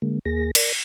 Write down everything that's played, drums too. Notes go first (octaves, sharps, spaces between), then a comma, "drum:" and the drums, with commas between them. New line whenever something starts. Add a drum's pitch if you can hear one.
D3 G#3 A#3
D#2 A#3 G#4 A#6
A#4 D5, drum: cymbal